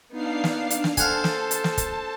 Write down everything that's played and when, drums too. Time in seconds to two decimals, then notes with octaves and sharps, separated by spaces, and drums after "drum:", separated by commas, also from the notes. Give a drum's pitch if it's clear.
0.12 B3 D4 D#4 F5 C7
0.44 drum: snare
0.70 drum: hi-hat
0.84 drum: snare
0.97 A4 C5 F5 F#5 G#5 A5, drum: kick, hi-hat
1.24 drum: snare
1.51 drum: hi-hat
1.64 drum: snare
1.78 drum: kick, hi-hat